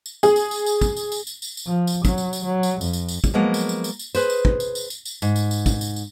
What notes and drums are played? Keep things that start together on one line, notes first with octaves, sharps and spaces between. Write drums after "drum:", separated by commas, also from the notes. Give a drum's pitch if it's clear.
drum: tambourine
G#4, drum: tambourine
drum: tambourine
drum: tambourine
drum: tambourine
drum: kick, tambourine
drum: tambourine
drum: tambourine
drum: tambourine
drum: tambourine
drum: tambourine
F3
drum: tambourine
F#3, drum: kick, tambourine
drum: tambourine
drum: tambourine
F#3
drum: tambourine
F2, drum: tambourine
drum: tambourine
drum: tambourine
drum: kick, tambourine
F3 F#3 G#3 A#3 B3
drum: tambourine
drum: tambourine
drum: tambourine
drum: tambourine
G#4 B4 C5, drum: tambourine
drum: tambourine
drum: kick
drum: tambourine
drum: tambourine
drum: tambourine
drum: tambourine
G#2, drum: tambourine
drum: tambourine
drum: tambourine
drum: kick, tambourine
drum: tambourine
drum: tambourine